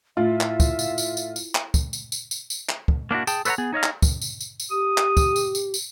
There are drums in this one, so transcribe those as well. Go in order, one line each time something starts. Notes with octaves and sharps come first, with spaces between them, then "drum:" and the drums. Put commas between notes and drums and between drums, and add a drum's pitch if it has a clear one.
A2 F4 E5
drum: clap
drum: kick, tambourine
drum: tambourine
drum: tambourine
drum: tambourine
drum: tambourine
drum: clap
drum: kick, tambourine
drum: tambourine
drum: tambourine
drum: tambourine
drum: tambourine
drum: clap
drum: kick
A#3 D4 E4 F#4
G#4 G5 A5, drum: tambourine
A4 B4 C#5 D#5 F#5 A#5, drum: tambourine
B3 G#4
D#4 C#5 D#5 F5
drum: clap
drum: kick, tambourine
drum: tambourine
drum: tambourine
drum: tambourine
G4 D#6
drum: clap
drum: kick, tambourine
drum: tambourine
drum: tambourine
drum: tambourine